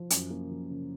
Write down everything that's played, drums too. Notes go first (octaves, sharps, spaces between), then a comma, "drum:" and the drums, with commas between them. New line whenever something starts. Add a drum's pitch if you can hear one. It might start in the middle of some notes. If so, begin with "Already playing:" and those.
Already playing: F3
F#2, drum: hi-hat
A#3
F3
C#3